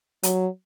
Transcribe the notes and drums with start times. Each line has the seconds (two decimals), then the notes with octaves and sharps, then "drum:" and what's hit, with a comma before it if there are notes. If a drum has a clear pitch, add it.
0.23 F#3, drum: hi-hat